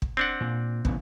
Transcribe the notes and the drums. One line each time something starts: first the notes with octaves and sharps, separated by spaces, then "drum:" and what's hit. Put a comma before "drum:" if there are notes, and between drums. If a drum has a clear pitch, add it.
drum: kick
C4 D4 F#5
A#2
A1 C#3 B3, drum: kick